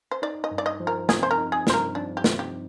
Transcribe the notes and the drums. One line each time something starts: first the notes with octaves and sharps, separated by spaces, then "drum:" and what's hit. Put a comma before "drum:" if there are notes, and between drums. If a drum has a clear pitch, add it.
C5
D#4 D5
D#5
G2
D5
D#5
F3
A#4
C4 G#4, drum: snare
C5
A#4
D#4
G#4
G2 C5, drum: snare
A#4
F3 D4
G4
C4, drum: snare
G4